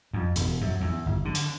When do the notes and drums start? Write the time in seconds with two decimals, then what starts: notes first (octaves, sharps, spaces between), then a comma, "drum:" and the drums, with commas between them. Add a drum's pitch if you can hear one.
0.13 F2
0.36 E1, drum: hi-hat
0.61 F#2
0.81 E2
1.06 G1
1.25 D3
1.35 drum: hi-hat